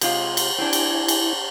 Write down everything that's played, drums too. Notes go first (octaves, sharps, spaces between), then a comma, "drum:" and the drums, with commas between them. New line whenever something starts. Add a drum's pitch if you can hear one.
C3 G#3 F4, drum: cymbal
drum: cymbal
C4 D4 E4 G#5
drum: cymbal
drum: cymbal